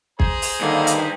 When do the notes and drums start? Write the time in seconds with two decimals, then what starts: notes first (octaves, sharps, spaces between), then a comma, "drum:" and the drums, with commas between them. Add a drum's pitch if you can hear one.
0.20 G#4 C5 A#5, drum: kick
0.42 drum: open hi-hat
0.61 G2 D3 D#3 A#3
0.87 drum: hi-hat